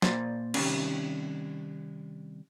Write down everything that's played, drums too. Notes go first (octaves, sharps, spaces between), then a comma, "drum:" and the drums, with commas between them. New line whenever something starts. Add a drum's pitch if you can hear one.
A#2 F#3 A#3 C5 D5 C6, drum: snare
C3 D#3 E3 F#3 G3 C#4, drum: cymbal